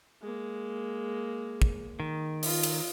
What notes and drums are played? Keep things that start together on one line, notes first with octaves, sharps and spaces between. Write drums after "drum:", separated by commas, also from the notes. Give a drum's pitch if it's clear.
G#3 A#3
drum: kick
D#3
F4 D#5, drum: open hi-hat
drum: cymbal